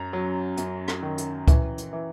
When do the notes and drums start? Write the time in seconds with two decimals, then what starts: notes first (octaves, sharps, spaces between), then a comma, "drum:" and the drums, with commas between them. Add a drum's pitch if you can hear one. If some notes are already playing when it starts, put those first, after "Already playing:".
Already playing: F#2 A#5
0.13 F#3
0.57 F#2, drum: hi-hat
0.88 drum: rim click
1.03 D#3
1.18 drum: hi-hat
1.48 E3, drum: kick C#2, hi-hat
1.78 drum: hi-hat
1.93 E3